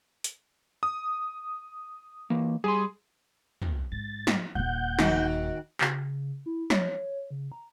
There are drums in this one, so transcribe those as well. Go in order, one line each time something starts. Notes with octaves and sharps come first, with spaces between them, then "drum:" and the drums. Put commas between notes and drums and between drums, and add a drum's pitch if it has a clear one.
drum: hi-hat
D#6
E3 A#3
G3 G#4 G#5 C6
drum: tom
G#2 A6
drum: snare
D#1 A#2 F#5 G6
D#3 F#4, drum: snare
C#3, drum: clap
E4
C#5, drum: snare
C#3
A#5